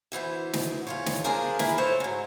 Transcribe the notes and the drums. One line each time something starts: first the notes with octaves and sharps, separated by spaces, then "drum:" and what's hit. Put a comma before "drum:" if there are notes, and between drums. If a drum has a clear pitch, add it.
D2 E3 B3 C5
drum: snare
E2 F4 C#5
drum: snare
F3 D4 F4 G#4 A#4
A#3 E4 G#4 B4 A#5, drum: snare
E4 A4 C5 C#5
G#2 F#3